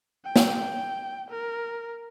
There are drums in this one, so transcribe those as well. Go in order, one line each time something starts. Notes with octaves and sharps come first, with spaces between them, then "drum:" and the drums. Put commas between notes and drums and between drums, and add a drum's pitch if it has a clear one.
G5
drum: snare
A#4